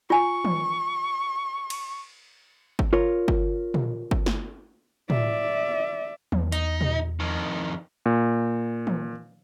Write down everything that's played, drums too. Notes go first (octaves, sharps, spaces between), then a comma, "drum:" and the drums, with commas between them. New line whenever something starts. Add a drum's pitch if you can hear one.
F4 G#5 C#6
drum: tom
drum: cymbal
drum: kick G1
F4 A#4 C#5
drum: kick G1
drum: tom
drum: kick G1
drum: snare
D5 E5, drum: tom A2
E2, drum: tom
D#4, drum: hi-hat
drum: tom
F2 D#3
A#2
drum: tom